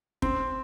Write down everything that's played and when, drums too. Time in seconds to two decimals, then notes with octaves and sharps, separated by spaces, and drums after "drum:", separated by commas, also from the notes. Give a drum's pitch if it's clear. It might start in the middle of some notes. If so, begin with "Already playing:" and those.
0.22 C4, drum: kick